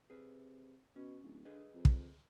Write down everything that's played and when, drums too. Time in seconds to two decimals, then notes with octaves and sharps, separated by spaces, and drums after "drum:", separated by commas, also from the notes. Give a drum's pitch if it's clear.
0.10 C3 G#4 B4
0.96 B2 C#4
1.24 D1
1.45 D3 G#4 B4 D#5
1.74 F2
1.85 drum: kick